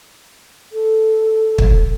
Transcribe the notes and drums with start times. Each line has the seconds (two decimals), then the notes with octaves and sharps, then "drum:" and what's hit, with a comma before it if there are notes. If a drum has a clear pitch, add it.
0.72 A4
1.58 drum: kick